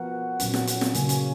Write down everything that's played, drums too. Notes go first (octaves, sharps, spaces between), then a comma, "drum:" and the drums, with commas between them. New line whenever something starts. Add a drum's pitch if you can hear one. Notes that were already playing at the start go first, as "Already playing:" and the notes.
Already playing: F3 B3 F#4 A#4 F#5
A#2 F#3 C#4, drum: hi-hat
drum: snare
drum: hi-hat
drum: snare
C#3 F#3 A#3 C#4 G#5, drum: hi-hat
drum: hi-hat